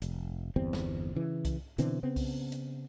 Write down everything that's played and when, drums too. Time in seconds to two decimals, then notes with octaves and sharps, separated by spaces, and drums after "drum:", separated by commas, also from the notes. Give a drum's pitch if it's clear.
0.02 F1, drum: hi-hat
0.56 G1 E2 G3 C4
0.73 drum: snare
1.16 C#3 E3
1.45 drum: kick C2, hi-hat
1.78 B2 D3 E3 C4, drum: hi-hat
2.03 C#3 B3 C4
2.16 drum: kick C2, open hi-hat
2.52 drum: hi-hat